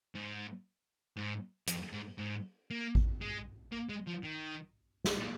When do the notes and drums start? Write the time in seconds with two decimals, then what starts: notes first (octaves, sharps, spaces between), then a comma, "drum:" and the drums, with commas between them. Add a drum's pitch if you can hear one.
0.15 G#2
1.16 G#2
1.67 F2, drum: hi-hat
1.93 G#2
2.19 G#2
2.71 A#3
2.95 drum: kick A1
3.21 G#3
3.72 A#3
3.89 G#3
4.07 F3
4.23 D#3
5.04 drum: snare
5.19 A#2